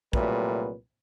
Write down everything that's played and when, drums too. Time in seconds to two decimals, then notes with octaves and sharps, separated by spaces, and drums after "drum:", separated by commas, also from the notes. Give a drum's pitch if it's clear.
0.13 C2 A#2 F#3 G3 A3 B4, drum: kick